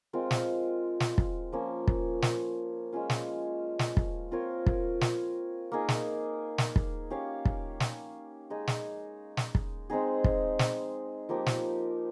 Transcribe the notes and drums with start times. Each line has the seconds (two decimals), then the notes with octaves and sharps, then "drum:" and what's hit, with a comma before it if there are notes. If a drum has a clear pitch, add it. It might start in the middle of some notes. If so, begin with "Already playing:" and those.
0.13 G#3 C4 F4 A#4
0.31 drum: snare
1.00 drum: snare
1.18 drum: kick
1.52 F3 A#3 C#4
1.88 drum: kick
2.22 drum: snare
2.93 G#3 C#4 F4
3.10 drum: snare
3.79 drum: snare
3.97 drum: kick
4.31 C4 F4 A#4 C#5
4.66 drum: kick
5.01 drum: snare
5.72 A#3 D#4 G#4
5.89 drum: snare
6.58 drum: snare
6.76 drum: kick
7.10 C#4 G4 C#5 F5
7.45 drum: kick
7.80 drum: snare
8.50 G#3 D#4 G#4
8.67 drum: snare
9.37 drum: snare
9.55 drum: kick
9.90 G#3 C4 D#4 G#4
10.24 drum: kick
10.59 drum: snare
11.29 F3 A#3 D#4 G4
11.46 drum: snare